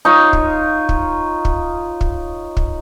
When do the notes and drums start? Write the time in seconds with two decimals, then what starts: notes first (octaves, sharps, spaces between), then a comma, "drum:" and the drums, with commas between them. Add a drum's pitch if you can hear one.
0.05 D#4 F4 C#5
0.33 drum: kick
0.89 drum: kick
1.45 drum: kick
2.01 drum: kick
2.57 drum: kick